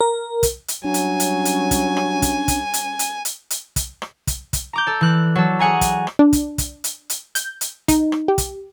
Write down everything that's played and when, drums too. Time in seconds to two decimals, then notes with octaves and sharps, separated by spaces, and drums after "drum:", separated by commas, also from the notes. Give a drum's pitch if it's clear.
0.01 A#4
0.43 drum: kick, hi-hat
0.68 drum: hi-hat
0.85 F#3 G3 C#4 D4 G#5
0.94 drum: hi-hat
1.20 drum: hi-hat
1.45 drum: hi-hat
1.71 drum: kick, hi-hat
1.97 drum: rim click
2.22 drum: kick, hi-hat
2.48 drum: kick, hi-hat
2.74 drum: hi-hat
2.99 drum: hi-hat
3.25 drum: hi-hat
3.50 drum: hi-hat
3.76 drum: kick, hi-hat
4.02 drum: rim click
4.27 drum: kick, hi-hat
4.53 drum: kick, hi-hat
4.73 A#5 D6 G6
4.87 A4 D5
5.01 E3 F#6
5.35 F#3 A4
5.59 G#4 F#5 G#5 A#5
5.81 drum: kick, hi-hat
6.07 drum: rim click
6.19 D4
6.33 drum: kick, hi-hat
6.58 drum: kick, hi-hat
6.84 drum: hi-hat
7.10 drum: hi-hat
7.35 G6, drum: hi-hat
7.61 drum: hi-hat
7.88 D#4, drum: kick, hi-hat
8.12 drum: rim click
8.28 G4
8.38 drum: kick, hi-hat